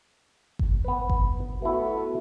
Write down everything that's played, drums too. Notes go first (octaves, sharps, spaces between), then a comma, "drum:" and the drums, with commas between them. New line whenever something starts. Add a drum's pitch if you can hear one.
drum: kick G1
B3 B4
drum: kick G1
A3 B3 E4 F#4 A4